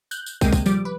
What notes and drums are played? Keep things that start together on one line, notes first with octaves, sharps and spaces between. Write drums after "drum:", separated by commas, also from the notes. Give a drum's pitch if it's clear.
F#6 G6, drum: tambourine
drum: tambourine
D2 C3 G#3 A#3 G5 D#7, drum: kick, tambourine
drum: kick, tambourine
F3 G3 D6, drum: tambourine
B4